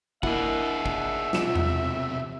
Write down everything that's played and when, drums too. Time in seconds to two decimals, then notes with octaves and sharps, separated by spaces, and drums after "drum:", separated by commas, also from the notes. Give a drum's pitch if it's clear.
0.23 A#3 D4 E4 G#4 D#5 E5 F#5, drum: kick
0.86 drum: kick
1.33 B1 C3 F3 E7, drum: snare
1.56 drum: tom E2